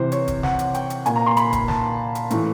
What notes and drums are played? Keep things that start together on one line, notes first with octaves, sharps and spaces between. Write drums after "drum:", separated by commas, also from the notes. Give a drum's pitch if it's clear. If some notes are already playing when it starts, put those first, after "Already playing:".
Already playing: C3 E3 C5
C#5, drum: hi-hat
drum: kick D#1, hi-hat
F#5, drum: snare
drum: hi-hat
G5, drum: hi-hat
drum: hi-hat
A#2 G#5, drum: hi-hat
A#5
C6
B5, drum: hi-hat
drum: kick D#1, hi-hat
A5, drum: snare
drum: hi-hat
A2 E3, drum: hi-hat